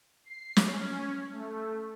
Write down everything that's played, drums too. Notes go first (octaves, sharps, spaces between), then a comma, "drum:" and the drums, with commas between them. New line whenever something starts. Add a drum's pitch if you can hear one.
C7
drum: snare
C#4
A3